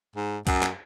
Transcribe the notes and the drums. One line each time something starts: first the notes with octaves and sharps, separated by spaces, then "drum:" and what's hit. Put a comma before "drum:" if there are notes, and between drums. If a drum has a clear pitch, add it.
G#2
F#2, drum: kick B1, hi-hat
drum: clap